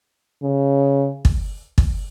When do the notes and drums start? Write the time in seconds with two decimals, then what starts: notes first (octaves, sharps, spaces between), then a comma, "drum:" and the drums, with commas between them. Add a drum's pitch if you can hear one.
0.43 C#3
1.25 drum: kick
1.78 drum: kick